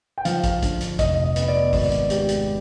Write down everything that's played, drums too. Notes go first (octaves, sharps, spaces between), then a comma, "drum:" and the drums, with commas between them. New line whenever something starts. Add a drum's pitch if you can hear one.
G5
F3 F5, drum: hi-hat
drum: kick, hi-hat
D3, drum: kick, hi-hat
drum: hi-hat
F1 D#5, drum: kick, hi-hat
D#5
B3, drum: hi-hat
D5
G#1 D5, drum: kick, open hi-hat
drum: hi-hat
G#3 G4, drum: hi-hat
drum: hi-hat